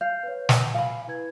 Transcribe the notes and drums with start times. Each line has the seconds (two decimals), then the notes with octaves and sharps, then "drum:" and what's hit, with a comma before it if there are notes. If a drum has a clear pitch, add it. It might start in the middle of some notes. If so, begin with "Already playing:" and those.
0.01 F5 G6 C7
0.23 B4 C#5
0.49 G#5, drum: snare
0.74 F5 B5
1.07 E4 B4 G#6